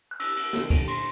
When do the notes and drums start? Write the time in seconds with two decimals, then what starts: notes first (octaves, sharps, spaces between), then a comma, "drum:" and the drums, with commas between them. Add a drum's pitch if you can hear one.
0.11 F#6
0.20 E6, drum: cymbal
0.37 drum: cymbal
0.53 D4 A4, drum: snare
0.70 drum: kick, cymbal
0.88 C6, drum: cymbal